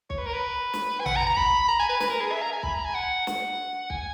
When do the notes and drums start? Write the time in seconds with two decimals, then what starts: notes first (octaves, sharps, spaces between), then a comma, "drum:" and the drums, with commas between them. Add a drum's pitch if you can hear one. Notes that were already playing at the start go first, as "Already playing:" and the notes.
0.10 C#5, drum: kick
0.18 B4
0.26 A#4
0.33 B4
0.73 drum: snare
1.00 G#5
1.06 F#5, drum: tom A1
1.16 A#5
1.27 A#5
1.37 B5, drum: kick
1.68 A#5
1.79 G#5
1.89 B4
2.00 B4, drum: snare
2.10 A#4
2.21 G#4
2.32 E5
2.42 A#5
2.52 G#5
2.63 B5, drum: kick
2.74 A#5
2.85 G#5
2.95 F#5
3.27 F#5, drum: snare
3.90 G#5, drum: kick